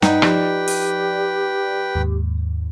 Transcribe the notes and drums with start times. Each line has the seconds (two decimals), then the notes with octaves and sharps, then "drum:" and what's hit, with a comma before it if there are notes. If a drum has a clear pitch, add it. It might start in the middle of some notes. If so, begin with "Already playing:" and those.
0.02 G2 D#4 B4 F#5 G5, drum: snare
0.22 F3 G4 D5, drum: rim click
0.68 drum: open hi-hat
1.95 D#2 G#2